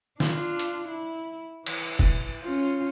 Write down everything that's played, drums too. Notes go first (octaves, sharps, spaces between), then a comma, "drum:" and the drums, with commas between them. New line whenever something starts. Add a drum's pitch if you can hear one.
D4 F4, drum: snare
drum: hi-hat
E4
E3, drum: cymbal
drum: kick
C#4 F4